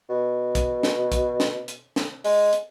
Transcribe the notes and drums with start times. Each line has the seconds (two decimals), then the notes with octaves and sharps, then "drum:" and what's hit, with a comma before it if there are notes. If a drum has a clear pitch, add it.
0.09 B2
0.55 drum: kick, hi-hat
0.83 drum: snare
1.12 drum: kick, hi-hat
1.40 drum: snare
1.68 drum: hi-hat
1.96 drum: snare
2.25 G#3, drum: open hi-hat
2.53 drum: hi-hat